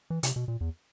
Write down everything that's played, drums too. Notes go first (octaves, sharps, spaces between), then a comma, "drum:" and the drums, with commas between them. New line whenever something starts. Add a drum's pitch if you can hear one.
E3
C3, drum: hi-hat
B2
A#2
E2